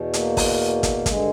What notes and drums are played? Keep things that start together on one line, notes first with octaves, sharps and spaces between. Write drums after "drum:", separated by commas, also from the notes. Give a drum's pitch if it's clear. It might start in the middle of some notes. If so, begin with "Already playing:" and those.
Already playing: E2 B2
A#3, drum: hi-hat
drum: kick, open hi-hat
drum: kick, hi-hat
G2 D3 G#3, drum: kick, hi-hat